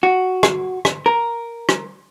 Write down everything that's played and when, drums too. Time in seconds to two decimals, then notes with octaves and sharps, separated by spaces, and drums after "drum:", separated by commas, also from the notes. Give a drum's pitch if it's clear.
0.03 F#4
0.43 drum: rim click
0.85 drum: rim click
1.06 A#4
1.69 drum: rim click